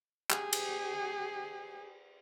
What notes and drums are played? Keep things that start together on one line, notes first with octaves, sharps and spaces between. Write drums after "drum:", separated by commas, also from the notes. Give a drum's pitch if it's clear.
G4 G#4, drum: clap
drum: cymbal